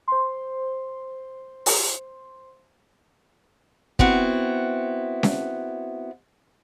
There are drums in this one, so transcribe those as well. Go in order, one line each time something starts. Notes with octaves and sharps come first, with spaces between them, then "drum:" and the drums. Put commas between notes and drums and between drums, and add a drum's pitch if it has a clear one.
C5 C6
drum: open hi-hat
B3 C4 E4 F#4, drum: kick
drum: snare C#4